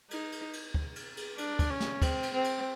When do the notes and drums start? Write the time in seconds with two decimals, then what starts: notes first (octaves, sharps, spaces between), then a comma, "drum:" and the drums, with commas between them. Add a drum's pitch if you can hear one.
0.11 D#4, drum: cymbal
0.32 drum: cymbal
0.53 drum: cymbal
0.74 drum: kick
0.96 drum: cymbal
1.17 drum: cymbal
1.38 D4, drum: cymbal
1.59 drum: kick, cymbal
1.70 C#4
1.80 drum: snare
2.02 C4, drum: kick, cymbal
2.23 drum: cymbal
2.34 C4
2.44 drum: cymbal